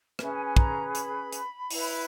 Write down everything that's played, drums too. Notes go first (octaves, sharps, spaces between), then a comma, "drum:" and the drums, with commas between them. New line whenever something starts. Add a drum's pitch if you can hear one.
C#4 G#4 B4 E5, drum: rim click
G#5
G#5
A#5, drum: kick
B5, drum: hi-hat
drum: hi-hat
E4 B4, drum: open hi-hat